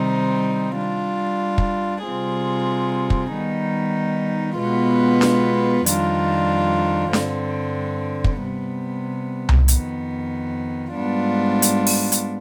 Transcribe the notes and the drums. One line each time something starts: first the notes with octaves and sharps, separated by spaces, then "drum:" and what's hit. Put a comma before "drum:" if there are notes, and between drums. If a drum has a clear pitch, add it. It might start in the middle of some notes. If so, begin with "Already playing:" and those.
Already playing: C3 D#3 G3 C4 D#4
G3 D4 F4
drum: kick
C3 G3 C4 F4 G#4
drum: kick
D#3 G3 B3 D#4
B2 G#3 B3 F4 B4
drum: snare D4
F2 D#3 G3 D4 F4, drum: hi-hat
G2 D3 G3 C4, drum: snare D4
drum: kick
C3 G3 B3
drum: tom C2
F2 D#3 B3, drum: hi-hat
G#2 G3 B3 D4 F4
drum: hi-hat
drum: open hi-hat
drum: hi-hat